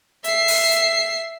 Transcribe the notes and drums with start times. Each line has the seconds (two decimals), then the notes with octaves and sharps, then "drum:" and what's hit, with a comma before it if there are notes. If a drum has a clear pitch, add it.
0.24 E5 C7, drum: hi-hat
0.48 drum: open hi-hat
0.71 drum: hi-hat